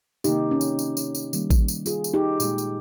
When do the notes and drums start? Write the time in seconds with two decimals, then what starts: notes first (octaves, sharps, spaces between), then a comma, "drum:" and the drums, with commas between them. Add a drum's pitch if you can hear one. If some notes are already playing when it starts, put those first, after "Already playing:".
0.24 C3 D#3 A#3 D#4 G4, drum: tambourine
0.51 C#4
0.61 drum: tambourine
0.79 drum: tambourine
0.97 drum: tambourine
1.15 drum: tambourine
1.33 D#3 G3 A#3, drum: tambourine
1.50 drum: kick A1, tambourine
1.68 drum: tambourine
1.86 F4 G#4, drum: tambourine
2.04 drum: tambourine
2.13 D#4 G4
2.40 A#2 G#3, drum: tambourine
2.58 drum: tambourine